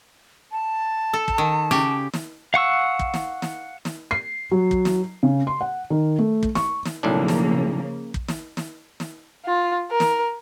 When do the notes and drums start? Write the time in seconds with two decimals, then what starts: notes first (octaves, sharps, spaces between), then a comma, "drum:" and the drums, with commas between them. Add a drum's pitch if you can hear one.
0.52 A5
1.13 A4
1.28 drum: kick
1.38 D#3
1.71 C#3 G4, drum: snare
2.14 drum: snare
2.54 F5 F#5 C#6 E6
2.99 drum: kick
3.14 drum: snare
3.42 drum: snare
3.85 drum: snare
4.11 C7
4.51 F#3
4.71 drum: kick
4.85 drum: snare
5.23 C#3
5.47 C6
5.61 F#5
5.90 D#3
6.19 A3
6.43 drum: kick
6.55 C#6, drum: snare
6.85 drum: snare
7.03 B1 A2 C#3 F3 A#3 D4
7.28 drum: snare
8.14 drum: kick
8.28 drum: snare
8.57 drum: snare
9.00 drum: snare
9.45 F4
9.91 A#4
10.00 drum: snare